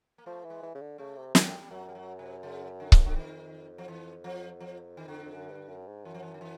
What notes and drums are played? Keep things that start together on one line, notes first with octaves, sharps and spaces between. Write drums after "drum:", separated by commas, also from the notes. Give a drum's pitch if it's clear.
A#3
F3 A3
E3
G#3
E3
C#3
D3
C#3 A3
C3
F#2 G3, drum: snare
G3
F#2 F#3
G3
F#3
C3
C#3
D3
drum: kick C#1
D3
F2 D#3
F3
E3
F3
F3
D#3
D3
F2
F#2
G2
F#2
G#2
F#2 E3
F3
E3
D#3
E3